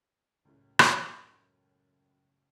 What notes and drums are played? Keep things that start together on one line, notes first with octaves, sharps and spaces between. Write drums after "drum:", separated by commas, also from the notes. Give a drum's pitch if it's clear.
C#2 F#2 A2
drum: rim click